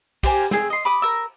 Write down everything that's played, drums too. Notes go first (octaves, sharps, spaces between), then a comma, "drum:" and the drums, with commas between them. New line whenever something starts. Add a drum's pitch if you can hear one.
G4 A#4 C5 G#5, drum: kick, cymbal
C4 G#4, drum: snare
D#5 C6
B5 D6 D#6
A#4 E6